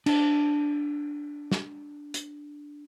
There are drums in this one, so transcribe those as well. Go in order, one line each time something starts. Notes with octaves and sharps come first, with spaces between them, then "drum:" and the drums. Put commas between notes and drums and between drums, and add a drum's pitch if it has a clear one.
D4 A5, drum: cymbal
drum: snare
drum: hi-hat